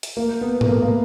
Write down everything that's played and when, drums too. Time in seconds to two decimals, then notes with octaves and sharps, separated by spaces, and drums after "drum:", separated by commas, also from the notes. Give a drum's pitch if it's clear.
0.03 drum: hi-hat
0.17 A#3
0.41 B3
0.61 A3, drum: tom G#2
0.66 A#3
0.82 A#3